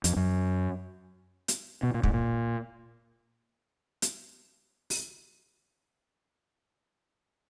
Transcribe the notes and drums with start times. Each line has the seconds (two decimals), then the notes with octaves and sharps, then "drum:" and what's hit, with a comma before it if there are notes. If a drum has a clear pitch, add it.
0.04 F2, drum: hi-hat
0.16 F#2
1.48 drum: hi-hat
1.83 B2
1.94 A#2
2.03 G#2, drum: kick
2.13 A#2
4.02 drum: hi-hat
4.90 drum: open hi-hat